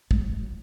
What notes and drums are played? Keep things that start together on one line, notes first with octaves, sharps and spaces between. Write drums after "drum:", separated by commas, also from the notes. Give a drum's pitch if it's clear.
G#3, drum: kick
F#3
E3
F#3